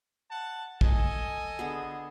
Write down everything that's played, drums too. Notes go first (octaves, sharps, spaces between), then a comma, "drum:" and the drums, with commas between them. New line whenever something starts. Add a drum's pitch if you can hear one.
F#5 A5
A4 D#5 G#5, drum: kick
D3 B3 G#4